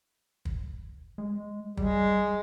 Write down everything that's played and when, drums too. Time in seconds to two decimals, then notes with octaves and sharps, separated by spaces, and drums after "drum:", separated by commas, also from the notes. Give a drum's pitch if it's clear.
0.45 drum: kick
1.18 G#3
1.77 G3 G#3, drum: kick